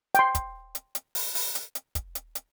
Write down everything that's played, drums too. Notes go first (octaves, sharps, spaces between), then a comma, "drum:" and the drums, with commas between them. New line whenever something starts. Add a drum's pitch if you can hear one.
G5 C6, drum: hi-hat
drum: kick, hi-hat
drum: hi-hat
drum: hi-hat
drum: open hi-hat
drum: open hi-hat
drum: hi-hat
drum: hi-hat
drum: kick, hi-hat
drum: hi-hat
drum: hi-hat